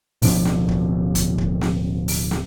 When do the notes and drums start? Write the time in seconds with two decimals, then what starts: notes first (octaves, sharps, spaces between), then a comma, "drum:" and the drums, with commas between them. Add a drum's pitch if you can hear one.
0.22 D1 B2 F3 D4, drum: open hi-hat
0.45 drum: snare
0.68 drum: kick
1.15 drum: kick, hi-hat
1.38 drum: kick
1.61 drum: snare
2.08 drum: open hi-hat
2.31 drum: snare